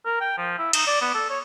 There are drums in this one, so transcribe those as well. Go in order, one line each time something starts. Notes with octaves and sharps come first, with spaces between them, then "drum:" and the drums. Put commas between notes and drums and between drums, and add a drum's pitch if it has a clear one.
A#4
G5
F3
E4
D#4, drum: cymbal
D5
B3
A4
C#5